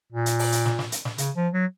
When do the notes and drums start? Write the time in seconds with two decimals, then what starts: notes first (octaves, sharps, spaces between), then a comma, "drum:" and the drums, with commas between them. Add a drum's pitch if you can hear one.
0.12 A#2
0.26 drum: hi-hat
0.39 drum: open hi-hat
0.52 drum: hi-hat
0.66 drum: snare
0.79 drum: snare
0.92 drum: hi-hat
1.05 drum: snare
1.18 C#3, drum: hi-hat
1.36 F3
1.53 F#3